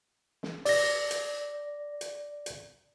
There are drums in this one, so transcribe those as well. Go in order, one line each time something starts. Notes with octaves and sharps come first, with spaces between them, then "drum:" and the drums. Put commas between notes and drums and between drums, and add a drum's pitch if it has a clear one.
drum: snare
D5 A#6, drum: open hi-hat
drum: hi-hat
drum: hi-hat
drum: hi-hat